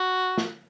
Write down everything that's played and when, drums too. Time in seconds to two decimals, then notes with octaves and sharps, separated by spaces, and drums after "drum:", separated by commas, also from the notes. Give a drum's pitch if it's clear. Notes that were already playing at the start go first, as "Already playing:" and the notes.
Already playing: F#4
0.38 drum: snare